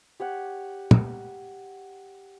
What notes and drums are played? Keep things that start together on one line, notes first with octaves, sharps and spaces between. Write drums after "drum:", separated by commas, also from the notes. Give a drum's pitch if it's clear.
G4 C#5 F#5
drum: tom